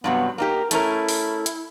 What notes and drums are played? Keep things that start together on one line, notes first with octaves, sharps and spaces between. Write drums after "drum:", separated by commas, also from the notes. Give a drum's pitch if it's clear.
G2 C3 F#3 B3
A#3 D#4 G4 A#4
A3 C#4 E4 A#4, drum: hi-hat
drum: open hi-hat
drum: hi-hat